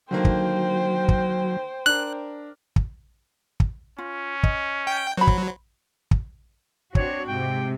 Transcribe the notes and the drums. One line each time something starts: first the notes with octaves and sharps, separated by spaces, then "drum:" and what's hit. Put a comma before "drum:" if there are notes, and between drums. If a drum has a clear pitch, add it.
D3 D#3 F#3 A#3 C5 G5
drum: kick
drum: kick
D4 A#4 F#6
drum: kick
drum: kick
C#4 F4
D#5, drum: kick
G5
F#3 C5 B5
drum: kick
drum: kick
C4 D4 F#4 C#5, drum: kick
G#2 C3 G5